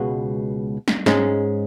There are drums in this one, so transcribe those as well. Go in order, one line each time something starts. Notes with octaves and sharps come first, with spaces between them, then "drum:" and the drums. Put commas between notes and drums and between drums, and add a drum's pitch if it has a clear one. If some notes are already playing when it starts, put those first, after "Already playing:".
Already playing: C#2 B2 G#3 B3 F#4
drum: snare
G#2 G#3 C#4, drum: snare